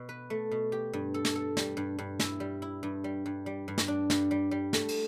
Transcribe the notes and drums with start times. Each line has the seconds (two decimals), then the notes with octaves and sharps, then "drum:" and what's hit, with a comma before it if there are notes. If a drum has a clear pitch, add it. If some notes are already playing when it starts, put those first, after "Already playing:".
Already playing: B2
0.09 B4
0.30 A3
0.51 B2
0.72 G4
0.93 G2
1.14 A4
1.25 drum: snare
1.36 A4
1.57 G3, drum: snare
1.77 G2
1.99 G2
2.19 E4, drum: snare
2.40 G3
2.62 E4
2.83 G2
3.04 G3
3.26 G2
3.46 G3
3.68 G2
3.78 drum: snare
3.88 D4
4.10 G2, drum: snare
4.31 G3
4.51 G3
4.73 A3, drum: snare
4.88 drum: cymbal